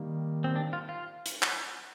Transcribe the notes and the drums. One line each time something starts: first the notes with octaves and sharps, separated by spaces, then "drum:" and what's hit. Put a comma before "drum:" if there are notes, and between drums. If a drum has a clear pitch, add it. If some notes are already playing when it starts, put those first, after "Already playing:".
Already playing: D#3 G3 A#3
C4
D4
F4
F4
drum: hi-hat
drum: clap